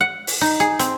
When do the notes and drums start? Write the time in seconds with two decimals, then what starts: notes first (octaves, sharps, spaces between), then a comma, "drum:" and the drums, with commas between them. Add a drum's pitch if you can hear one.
0.01 F#5
0.27 drum: open hi-hat
0.41 D#4
0.60 G#4
0.79 C4, drum: hi-hat